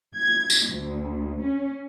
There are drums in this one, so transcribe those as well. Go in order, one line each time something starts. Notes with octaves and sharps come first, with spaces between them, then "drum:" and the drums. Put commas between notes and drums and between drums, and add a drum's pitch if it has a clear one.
G#6
drum: tambourine
D2
C#4